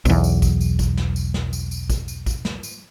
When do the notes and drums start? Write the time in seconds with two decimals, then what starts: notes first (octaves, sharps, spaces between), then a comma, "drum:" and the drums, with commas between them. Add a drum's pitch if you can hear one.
0.05 B1 E2, drum: tambourine
0.24 drum: tambourine
0.42 drum: kick, tambourine
0.61 drum: tambourine
0.79 drum: kick, tambourine
0.97 drum: snare
1.16 drum: tambourine
1.34 drum: snare
1.53 drum: tambourine
1.71 drum: tambourine
1.90 drum: kick, tambourine
2.08 drum: tambourine
2.26 drum: kick, tambourine
2.45 drum: snare
2.63 drum: tambourine